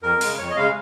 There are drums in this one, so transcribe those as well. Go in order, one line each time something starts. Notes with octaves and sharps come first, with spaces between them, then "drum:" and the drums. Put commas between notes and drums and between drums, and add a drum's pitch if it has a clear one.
F2 A#4
C#3 G#3, drum: open hi-hat
F2 C#5
D#5
C#3 G#3 F5